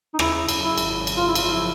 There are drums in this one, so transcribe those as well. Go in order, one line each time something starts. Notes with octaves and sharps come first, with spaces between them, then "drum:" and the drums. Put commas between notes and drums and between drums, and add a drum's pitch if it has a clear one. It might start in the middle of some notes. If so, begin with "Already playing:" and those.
D#4
C#3 E4, drum: rim click
F#2, drum: cymbal
E4
G#1, drum: cymbal
C#3, drum: cymbal
F4
E4
F3 F4, drum: cymbal
E4